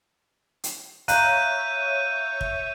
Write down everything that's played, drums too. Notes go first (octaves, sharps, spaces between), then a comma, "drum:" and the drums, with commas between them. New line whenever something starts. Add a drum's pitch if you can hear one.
drum: hi-hat
C#5 E5 F5 A#5 F#6 G6 D#7, drum: hi-hat
drum: kick